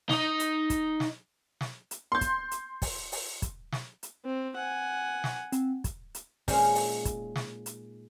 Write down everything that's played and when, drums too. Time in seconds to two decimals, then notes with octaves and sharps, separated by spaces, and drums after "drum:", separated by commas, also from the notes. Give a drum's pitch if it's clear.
0.09 D#4 D#5, drum: snare
0.40 drum: hi-hat
0.70 drum: kick, hi-hat
1.00 drum: snare
1.61 drum: snare
1.91 drum: hi-hat
2.12 C6 G6
2.21 drum: kick, hi-hat
2.51 drum: hi-hat
2.82 drum: kick, open hi-hat
3.12 drum: open hi-hat
3.42 drum: kick, hi-hat
3.72 drum: snare
4.03 drum: hi-hat
4.25 C4
4.56 F#5 G#5
5.24 drum: snare
5.52 C4, drum: hi-hat
5.84 drum: kick, hi-hat
6.15 drum: hi-hat
6.48 A#2 G#3 C#4 D#4 C5 F5, drum: kick, open hi-hat
6.75 drum: open hi-hat
7.05 drum: kick, hi-hat
7.36 drum: snare
7.66 drum: hi-hat